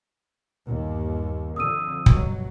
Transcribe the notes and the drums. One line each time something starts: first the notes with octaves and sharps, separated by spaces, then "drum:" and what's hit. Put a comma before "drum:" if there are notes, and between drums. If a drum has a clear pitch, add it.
G1 D#2
F2 D3 D#6 E6 D#7
G2 B2 F#3, drum: kick